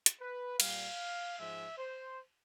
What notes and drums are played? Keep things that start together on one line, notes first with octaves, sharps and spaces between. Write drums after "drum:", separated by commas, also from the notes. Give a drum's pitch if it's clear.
drum: hi-hat
B4
A#2 G3 F5, drum: cymbal
G#2 F3 G#3 E5
C5